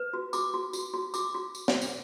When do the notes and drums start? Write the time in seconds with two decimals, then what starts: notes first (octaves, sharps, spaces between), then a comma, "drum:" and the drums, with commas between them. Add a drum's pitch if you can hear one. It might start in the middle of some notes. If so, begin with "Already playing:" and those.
Already playing: B4
0.13 F#4
0.33 F#4 D6, drum: tambourine
0.54 F#4
0.73 F#4, drum: tambourine
0.94 F#4
1.14 F#4 D6, drum: tambourine
1.35 F#4
1.55 drum: tambourine
1.68 drum: snare
1.82 drum: tambourine